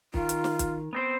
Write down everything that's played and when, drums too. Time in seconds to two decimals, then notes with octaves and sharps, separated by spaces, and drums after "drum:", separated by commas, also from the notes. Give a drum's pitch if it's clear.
0.14 D#3 F4, drum: kick
0.29 drum: hi-hat
0.44 drum: snare
0.59 drum: kick, hi-hat
0.93 B3 C4 C5